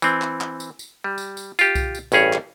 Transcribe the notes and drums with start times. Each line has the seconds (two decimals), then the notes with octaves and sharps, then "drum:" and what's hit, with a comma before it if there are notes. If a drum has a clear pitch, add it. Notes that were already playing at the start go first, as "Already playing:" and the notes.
0.02 E3 C4, drum: tambourine
0.22 drum: clap
0.41 drum: clap
0.60 drum: tambourine
0.79 drum: tambourine
1.04 G3
1.18 drum: tambourine
1.37 drum: tambourine
1.59 F4 G4, drum: tambourine
1.75 drum: kick C2, tambourine
1.95 drum: tambourine
2.12 A1 G2 C#4 G#4 C#5, drum: tambourine
2.33 drum: clap